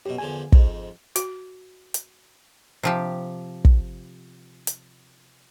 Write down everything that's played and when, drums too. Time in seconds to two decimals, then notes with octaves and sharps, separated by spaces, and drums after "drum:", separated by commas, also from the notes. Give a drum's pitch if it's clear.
0.06 F#2 B2 G4
0.18 E2 D3 F3 G#5
0.52 F2 G#2, drum: kick
1.16 F#4, drum: hi-hat
1.94 drum: hi-hat
2.83 C3 F3 G4
3.65 drum: kick
4.67 drum: hi-hat